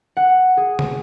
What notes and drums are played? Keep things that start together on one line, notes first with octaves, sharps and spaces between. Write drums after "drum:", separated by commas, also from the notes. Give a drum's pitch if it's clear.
F#5
G#4
drum: tom C3